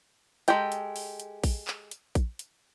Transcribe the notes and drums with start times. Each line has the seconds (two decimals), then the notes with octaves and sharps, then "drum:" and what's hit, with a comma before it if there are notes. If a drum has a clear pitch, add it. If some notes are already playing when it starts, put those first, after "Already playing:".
0.48 G#3 G4 A4 G5 A#5, drum: hi-hat
0.72 drum: hi-hat
0.96 drum: open hi-hat
1.20 drum: hi-hat
1.44 drum: kick A#1, open hi-hat
1.67 drum: clap
1.91 drum: hi-hat
2.15 drum: kick A#1, hi-hat
2.39 drum: hi-hat